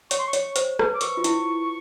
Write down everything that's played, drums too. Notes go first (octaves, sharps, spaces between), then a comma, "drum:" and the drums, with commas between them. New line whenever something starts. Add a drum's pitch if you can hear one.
C#5 C#6, drum: hi-hat
C6
C#6
C#5, drum: hi-hat
C5, drum: hi-hat
B4, drum: rim click
D6
A#4 C#6, drum: hi-hat
F4
E4, drum: hi-hat